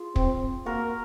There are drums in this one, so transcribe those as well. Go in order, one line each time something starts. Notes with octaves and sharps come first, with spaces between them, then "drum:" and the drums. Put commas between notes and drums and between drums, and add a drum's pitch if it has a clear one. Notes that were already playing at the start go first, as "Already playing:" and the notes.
Already playing: F4 G#4
C4, drum: kick
A#3 F#4 A#4